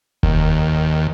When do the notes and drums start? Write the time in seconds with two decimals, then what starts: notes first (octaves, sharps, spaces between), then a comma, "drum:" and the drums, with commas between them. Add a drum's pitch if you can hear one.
0.23 D#2, drum: kick F1